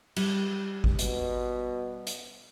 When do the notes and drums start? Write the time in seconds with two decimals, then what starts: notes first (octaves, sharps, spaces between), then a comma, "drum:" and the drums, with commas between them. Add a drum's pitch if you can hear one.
0.16 G3, drum: cymbal
0.84 drum: kick G#1
0.99 B2, drum: hi-hat
2.07 drum: hi-hat